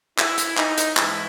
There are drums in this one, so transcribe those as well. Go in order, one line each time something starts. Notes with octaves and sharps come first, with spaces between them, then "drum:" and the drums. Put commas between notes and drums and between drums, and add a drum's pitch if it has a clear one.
E4, drum: clap
drum: hi-hat
D#4, drum: clap
drum: hi-hat
G#2 E3 E4, drum: clap